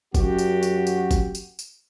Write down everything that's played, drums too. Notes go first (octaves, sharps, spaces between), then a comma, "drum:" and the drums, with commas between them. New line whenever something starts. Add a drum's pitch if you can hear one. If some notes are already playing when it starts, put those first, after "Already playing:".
F#2 F#4 G4, drum: kick, tambourine
drum: tambourine
drum: tambourine
drum: tambourine
drum: kick, tambourine
drum: tambourine
drum: tambourine